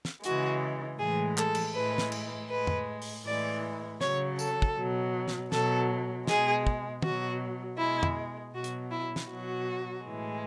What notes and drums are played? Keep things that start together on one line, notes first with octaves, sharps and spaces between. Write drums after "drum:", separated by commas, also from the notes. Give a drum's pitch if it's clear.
drum: snare
C#3 E3 G#3 F#4, drum: hi-hat
A2 E3 G#3 G#4
A4, drum: clap
drum: cymbal
A2 E3 G#3 B4
drum: snare
drum: cymbal
A2 G#3 B4
drum: tom
drum: open hi-hat
A2 E3 G#3 D5
C#3 F#3 C#5, drum: snare
A4, drum: tambourine
drum: kick
B2 F#3
drum: snare
B2 F#3 A4, drum: snare
B2 G#3 G#4, drum: snare
drum: kick
B2 F#3 F#4, drum: tom
B2 G#3 E4
drum: tom
B2 F#3 F#4
drum: hi-hat
E4
drum: snare
B2 F#3 F#4
A2 E3 G#3